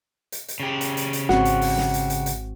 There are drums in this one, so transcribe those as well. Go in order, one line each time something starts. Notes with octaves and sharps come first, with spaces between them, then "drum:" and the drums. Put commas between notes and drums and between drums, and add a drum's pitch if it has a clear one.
drum: hi-hat
drum: hi-hat
C#3 G4
drum: hi-hat
drum: hi-hat
drum: hi-hat
G#1 C4 F#4 F#5, drum: snare
drum: hi-hat
drum: open hi-hat
drum: snare
drum: hi-hat
drum: hi-hat
drum: hi-hat